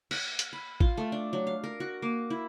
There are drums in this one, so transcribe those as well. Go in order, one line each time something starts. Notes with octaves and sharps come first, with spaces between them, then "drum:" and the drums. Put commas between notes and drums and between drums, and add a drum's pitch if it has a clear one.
F#5, drum: cymbal
drum: hi-hat
B5
F4, drum: kick A1
A3
D4
F#3
F5
A#4
F#4
A#3
E4